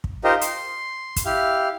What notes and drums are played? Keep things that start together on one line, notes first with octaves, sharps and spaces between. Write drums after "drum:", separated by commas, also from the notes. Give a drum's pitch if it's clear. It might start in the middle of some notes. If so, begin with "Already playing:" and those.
drum: kick
D#4 F4 G4 A#4 C5 D#5
C6, drum: hi-hat
drum: kick, hi-hat
E4 G4 F5